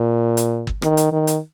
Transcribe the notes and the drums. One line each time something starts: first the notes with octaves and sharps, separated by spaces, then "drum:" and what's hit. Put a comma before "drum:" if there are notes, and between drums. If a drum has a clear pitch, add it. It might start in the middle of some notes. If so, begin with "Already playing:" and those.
Already playing: A#2
drum: hi-hat
drum: kick
D#3, drum: rim click
drum: hi-hat
D#3
drum: hi-hat